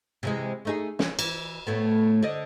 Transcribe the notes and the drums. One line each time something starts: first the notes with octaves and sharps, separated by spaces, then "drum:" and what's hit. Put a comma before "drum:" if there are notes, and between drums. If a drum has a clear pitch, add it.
C3 E3 G#3
A3 D#4 G#4
C#4, drum: snare
E3, drum: cymbal
A2 A3 B3
D3 D5 D#5